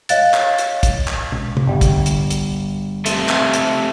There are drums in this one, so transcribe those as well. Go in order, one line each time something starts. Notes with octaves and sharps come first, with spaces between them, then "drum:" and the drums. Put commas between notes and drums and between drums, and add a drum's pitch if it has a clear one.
C#5 D#5 F5 F#6 A6, drum: hi-hat
drum: clap
drum: hi-hat
drum: kick, hi-hat
drum: clap
drum: tom
drum: tom
G1 G3
drum: kick, hi-hat
drum: hi-hat
drum: hi-hat
C3 A3, drum: hi-hat
drum: clap
drum: hi-hat